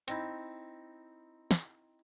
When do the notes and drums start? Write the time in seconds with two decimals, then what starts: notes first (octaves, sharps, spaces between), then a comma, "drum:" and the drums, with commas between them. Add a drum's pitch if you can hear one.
0.08 C4 D#4 E4, drum: hi-hat
1.51 drum: snare